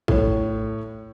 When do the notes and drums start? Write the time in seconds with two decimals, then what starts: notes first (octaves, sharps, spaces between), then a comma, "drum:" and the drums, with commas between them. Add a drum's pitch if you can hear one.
0.08 A2 C#5, drum: kick